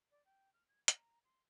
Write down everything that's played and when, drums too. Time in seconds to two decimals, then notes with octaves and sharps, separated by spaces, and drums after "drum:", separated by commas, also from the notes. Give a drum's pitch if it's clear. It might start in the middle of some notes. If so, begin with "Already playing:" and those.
0.11 D5
0.25 G5
0.53 F6
0.67 G#6
0.88 A#5, drum: hi-hat
1.24 C6